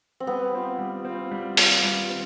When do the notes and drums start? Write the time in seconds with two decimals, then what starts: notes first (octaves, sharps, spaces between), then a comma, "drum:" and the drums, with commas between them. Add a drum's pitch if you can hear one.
0.20 C4
0.26 G3 B3
0.53 C4 F4
0.79 G3
1.05 C4 F4
1.31 G3
1.57 C4 F4, drum: open hi-hat
1.83 G3
2.10 C4